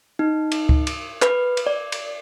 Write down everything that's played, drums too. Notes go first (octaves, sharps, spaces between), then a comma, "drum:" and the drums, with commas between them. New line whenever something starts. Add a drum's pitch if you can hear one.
D#4
drum: cymbal
drum: kick C#2
drum: cymbal
B4, drum: clap
drum: cymbal
D5
drum: cymbal